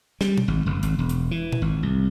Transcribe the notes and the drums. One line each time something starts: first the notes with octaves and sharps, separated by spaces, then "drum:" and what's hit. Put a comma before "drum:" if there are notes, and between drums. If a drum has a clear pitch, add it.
G3, drum: snare
drum: tom B2
G#1
F1
G#1, drum: hi-hat
E1
drum: hi-hat
E3
drum: tom A#2
G#1
C2